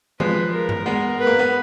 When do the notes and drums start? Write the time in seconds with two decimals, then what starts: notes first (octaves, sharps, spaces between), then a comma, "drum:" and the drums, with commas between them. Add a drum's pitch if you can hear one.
0.20 F3 G#3 B4, drum: tom D#3
0.53 A#4
0.69 drum: tom G2
0.86 G#3 B3
1.19 B4
1.27 A#3
1.39 B3